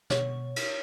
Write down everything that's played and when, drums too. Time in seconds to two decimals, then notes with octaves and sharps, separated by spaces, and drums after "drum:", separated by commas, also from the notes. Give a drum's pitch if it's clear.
0.10 B2 C#5, drum: snare
0.56 drum: cymbal